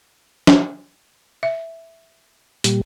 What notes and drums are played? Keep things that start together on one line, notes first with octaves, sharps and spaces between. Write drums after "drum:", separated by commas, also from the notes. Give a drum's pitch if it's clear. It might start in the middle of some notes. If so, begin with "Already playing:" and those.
drum: snare
E5
A#2 G3, drum: hi-hat